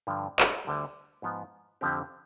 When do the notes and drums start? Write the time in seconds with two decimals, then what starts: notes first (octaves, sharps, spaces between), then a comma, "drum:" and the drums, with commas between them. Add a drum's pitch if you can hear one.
0.07 G2 D3 F3
0.40 drum: clap
0.65 D2 D3 G3
1.22 G#2 F3 B3
1.81 F2 D3 F3 C4 G4